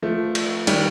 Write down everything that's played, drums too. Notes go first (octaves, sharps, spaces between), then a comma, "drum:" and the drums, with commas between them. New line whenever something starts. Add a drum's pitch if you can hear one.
F3 A3
drum: cymbal
D#3 G3, drum: cymbal